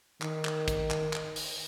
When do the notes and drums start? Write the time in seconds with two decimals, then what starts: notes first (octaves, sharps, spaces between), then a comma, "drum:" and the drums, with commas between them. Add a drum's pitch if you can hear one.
0.22 D#3, drum: clap
0.45 drum: clap
0.68 drum: kick, hi-hat
0.90 drum: clap
1.13 drum: clap
1.36 drum: open hi-hat